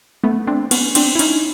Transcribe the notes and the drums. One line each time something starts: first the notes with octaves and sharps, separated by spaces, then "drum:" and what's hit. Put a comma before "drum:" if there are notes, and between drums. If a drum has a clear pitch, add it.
A3 B3
C4 D4
B3 C#4, drum: cymbal
C4 D4, drum: cymbal
E4
C#4 D#4, drum: cymbal